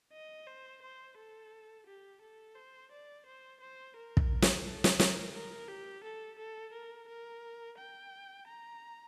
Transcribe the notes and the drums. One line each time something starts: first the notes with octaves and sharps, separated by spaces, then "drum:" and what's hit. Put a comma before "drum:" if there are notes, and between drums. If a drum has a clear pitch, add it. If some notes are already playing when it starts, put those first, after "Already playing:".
D#5
C5
C5
A4
G4
A4
C5
D5
C5
C5
A#4
drum: kick
drum: snare
A4
drum: snare
A#4, drum: snare
A#4
G4
A4
A4
A#4
A#4
G5
A#5